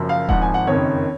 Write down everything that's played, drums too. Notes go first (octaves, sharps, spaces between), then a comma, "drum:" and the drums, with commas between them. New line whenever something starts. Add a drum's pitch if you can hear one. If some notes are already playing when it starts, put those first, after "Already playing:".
Already playing: F#1 F#2 F3
F5
G#1 G#2 F3 F#5, drum: kick D#1
G#5
F#5
F#1 F2 D#3 C#5